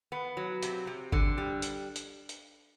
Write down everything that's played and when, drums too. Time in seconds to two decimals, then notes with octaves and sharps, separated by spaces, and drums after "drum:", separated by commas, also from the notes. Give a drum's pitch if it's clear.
0.12 B3
0.37 F#3
0.63 C3, drum: hi-hat
0.87 C3
1.12 D3, drum: kick G#1
1.38 G3
1.62 drum: hi-hat
1.96 drum: hi-hat
2.29 drum: hi-hat